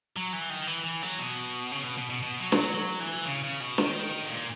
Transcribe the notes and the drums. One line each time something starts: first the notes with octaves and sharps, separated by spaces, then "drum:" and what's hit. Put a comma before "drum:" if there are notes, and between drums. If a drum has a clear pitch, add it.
F#3
E3
D#3
E3
E3
F#3, drum: hi-hat
B2
C#3
B2
B2
B2
B2
F#3
E3, drum: snare
F#3
F#3
E3
C#3
C#3
B2
D#3, drum: snare
G#2
A#2